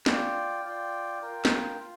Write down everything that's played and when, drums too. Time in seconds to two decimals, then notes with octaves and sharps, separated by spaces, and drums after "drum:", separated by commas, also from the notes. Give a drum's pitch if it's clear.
0.06 F4 D5 G5, drum: snare
0.65 F4 D5 G5
1.22 F4 A#4 G5
1.45 drum: snare
1.80 F4